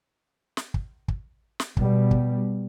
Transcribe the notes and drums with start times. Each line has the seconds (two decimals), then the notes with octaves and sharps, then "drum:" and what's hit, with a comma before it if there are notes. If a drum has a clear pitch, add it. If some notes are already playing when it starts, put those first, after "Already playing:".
0.57 drum: snare
0.74 drum: kick
1.08 drum: kick
1.60 drum: snare
1.77 B2 G3, drum: kick
2.11 drum: kick